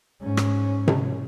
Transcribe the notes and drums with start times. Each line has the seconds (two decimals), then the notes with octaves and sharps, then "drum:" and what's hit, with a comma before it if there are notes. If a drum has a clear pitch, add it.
0.21 G#2 C#4
0.37 drum: rim click
0.88 drum: tom C3